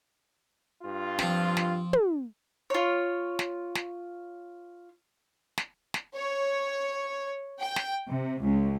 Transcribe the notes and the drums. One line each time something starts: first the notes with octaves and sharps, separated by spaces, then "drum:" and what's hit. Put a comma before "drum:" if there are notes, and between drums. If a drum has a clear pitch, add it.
G2 F4
F3 C4, drum: snare
drum: snare
drum: tom
F4 C#5
drum: snare
drum: snare
drum: snare
drum: snare
C#5
G5
drum: snare
C3
C#2